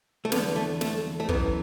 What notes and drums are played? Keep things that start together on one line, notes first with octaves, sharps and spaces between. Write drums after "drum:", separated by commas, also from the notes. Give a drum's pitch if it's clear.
A3
E2 D3 B3, drum: snare
A3
A3, drum: snare
A3
F#2 E3 B3, drum: kick